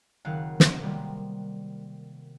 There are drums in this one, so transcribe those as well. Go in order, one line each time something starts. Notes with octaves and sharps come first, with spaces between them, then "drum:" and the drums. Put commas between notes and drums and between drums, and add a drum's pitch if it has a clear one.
F#1 D#3 F5 F#5 F#6
drum: snare
C3 D#3 G3 G#3 A#3 B3